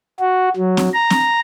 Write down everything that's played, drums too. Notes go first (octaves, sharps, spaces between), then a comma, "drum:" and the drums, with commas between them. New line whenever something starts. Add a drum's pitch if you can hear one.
F#4
F#3
drum: snare C4
A#5
drum: snare C4